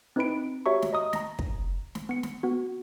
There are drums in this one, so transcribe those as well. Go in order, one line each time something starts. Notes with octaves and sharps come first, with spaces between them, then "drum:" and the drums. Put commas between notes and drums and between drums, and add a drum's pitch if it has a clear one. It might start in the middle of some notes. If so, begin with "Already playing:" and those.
C4 D#4 E4 B4 B5 D7
F#4 G4 C#5 E5 A#5 C#6
drum: snare
D#5 A#5 D#6
A#5 A#6, drum: snare
drum: kick
drum: snare
B3 C#7
drum: snare
B3 F#4